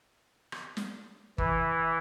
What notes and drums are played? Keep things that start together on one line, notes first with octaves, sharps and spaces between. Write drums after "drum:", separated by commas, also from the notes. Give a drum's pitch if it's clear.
drum: rim click
drum: snare
E3, drum: kick G1